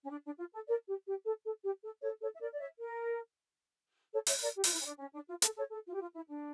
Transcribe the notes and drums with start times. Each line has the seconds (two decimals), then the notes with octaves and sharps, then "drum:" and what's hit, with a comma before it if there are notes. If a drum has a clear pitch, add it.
0.04 C#4
0.10 D4
0.25 D4
0.38 F4
0.52 A4
0.67 A#4 D5
0.87 G4
1.06 G4
1.25 A4
1.45 A4
1.64 G4
1.82 A4
2.01 A4 C#5
2.20 A4 C#5
2.35 E5
2.40 A#4 D5
2.53 D5
2.59 C#5 E5
2.78 A#4
4.13 A4 C#5
4.27 C#5 E5, drum: open hi-hat
4.41 A#4 D5
4.56 G4
4.64 F4, drum: open hi-hat
4.71 E4
4.80 C#4
4.85 D4
4.99 C#4
5.13 D4
5.28 F4
5.42 A4, drum: hi-hat
5.56 A4 C#5
5.71 A4
5.86 F4
5.94 G4
6.00 F4
6.15 E4
6.28 D4